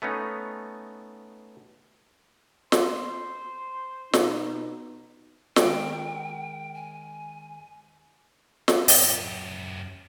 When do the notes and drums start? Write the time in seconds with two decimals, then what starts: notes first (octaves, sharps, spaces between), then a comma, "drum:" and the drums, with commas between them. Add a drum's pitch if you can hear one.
0.02 A3 B3 C#4 D#4
2.72 C5, drum: snare
4.13 B2 B3 D#4, drum: snare
5.56 D#3 G#3 G5, drum: snare
6.74 G#5
8.68 drum: snare
8.88 F#2 G4, drum: open hi-hat